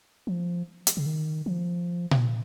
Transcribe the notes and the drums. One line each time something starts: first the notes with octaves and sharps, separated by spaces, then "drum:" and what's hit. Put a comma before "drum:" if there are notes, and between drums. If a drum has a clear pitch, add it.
F3
drum: hi-hat
C#3
D#3
F3
drum: tom A#2